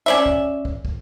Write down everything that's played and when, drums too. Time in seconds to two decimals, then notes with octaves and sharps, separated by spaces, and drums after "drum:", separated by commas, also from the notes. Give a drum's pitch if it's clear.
0.06 C#4 D5 E5
0.26 drum: kick
0.65 drum: kick
0.85 drum: kick